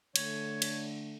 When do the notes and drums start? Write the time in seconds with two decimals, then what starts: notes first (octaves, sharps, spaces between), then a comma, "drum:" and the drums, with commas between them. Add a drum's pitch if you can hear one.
0.16 D3 A3 C#5, drum: cymbal
0.62 drum: cymbal